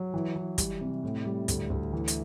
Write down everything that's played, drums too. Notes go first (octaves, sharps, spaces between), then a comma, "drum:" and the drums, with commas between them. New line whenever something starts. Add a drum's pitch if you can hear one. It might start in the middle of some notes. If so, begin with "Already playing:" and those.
Already playing: F#3
E3
E3
G3, drum: kick, hi-hat
C3
A2
G3
D2, drum: hi-hat
D2
E3
drum: hi-hat